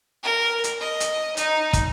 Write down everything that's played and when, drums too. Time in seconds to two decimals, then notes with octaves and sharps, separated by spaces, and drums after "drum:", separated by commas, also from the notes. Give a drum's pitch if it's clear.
0.23 A#4
0.64 drum: hi-hat
0.80 D#5
1.00 drum: hi-hat
1.37 D#4, drum: hi-hat
1.73 drum: kick, hi-hat